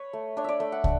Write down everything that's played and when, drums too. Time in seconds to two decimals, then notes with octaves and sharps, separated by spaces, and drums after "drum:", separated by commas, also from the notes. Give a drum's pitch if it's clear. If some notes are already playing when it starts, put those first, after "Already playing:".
Already playing: B4 C#5
0.13 A3
0.37 D4 C#5
0.44 D5 E5
0.60 A3 E5
0.72 F#5
0.84 D4, drum: kick